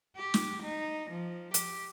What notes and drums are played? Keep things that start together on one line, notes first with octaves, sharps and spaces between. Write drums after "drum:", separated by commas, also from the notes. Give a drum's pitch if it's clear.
G4
drum: snare
D#4
F3
G4, drum: hi-hat